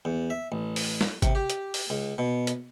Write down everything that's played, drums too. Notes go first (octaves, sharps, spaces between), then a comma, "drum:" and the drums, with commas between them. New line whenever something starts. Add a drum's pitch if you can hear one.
E2
E5
A1
drum: open hi-hat
drum: snare
C3, drum: kick G#1, hi-hat
G4
drum: hi-hat
drum: open hi-hat
C#2
B2
drum: hi-hat